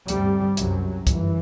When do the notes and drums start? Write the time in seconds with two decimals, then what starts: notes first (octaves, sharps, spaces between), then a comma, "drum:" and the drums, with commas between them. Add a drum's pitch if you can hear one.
0.08 D2 G2 C3 G3, drum: hi-hat
0.57 C2 F#2 C3 F#3, drum: hi-hat
1.07 G1 F#2 E3, drum: kick, hi-hat